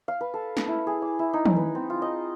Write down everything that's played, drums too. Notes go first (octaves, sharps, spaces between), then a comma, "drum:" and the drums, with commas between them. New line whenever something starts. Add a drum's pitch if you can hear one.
F5
B4
A4
drum: snare
E4
G#4
D6
E4
D#4
drum: tom
B4
C4
F4
D#5